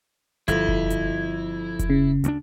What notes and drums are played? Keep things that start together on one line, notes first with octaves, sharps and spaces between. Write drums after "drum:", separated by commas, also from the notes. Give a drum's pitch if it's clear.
G1 F2 E4, drum: hi-hat
drum: kick F1
drum: hi-hat
drum: kick F1, hi-hat
C#3
D2 A3 D4, drum: hi-hat